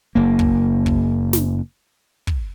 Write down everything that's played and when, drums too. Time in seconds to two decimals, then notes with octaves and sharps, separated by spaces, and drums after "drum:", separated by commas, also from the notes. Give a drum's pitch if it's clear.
0.15 F#1 A#3
0.39 drum: kick
0.86 drum: kick
1.33 drum: snare
2.27 drum: kick